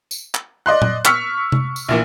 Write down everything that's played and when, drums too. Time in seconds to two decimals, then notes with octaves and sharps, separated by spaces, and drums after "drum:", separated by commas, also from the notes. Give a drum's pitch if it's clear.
0.11 drum: tambourine
0.35 drum: clap
0.66 D5 D#5 C6 F#6
0.82 drum: tom A#2
1.05 C#6 E6 F6 B6 C#7, drum: clap
1.52 drum: tom C3
1.76 drum: tambourine
1.89 A#1 A#2 E3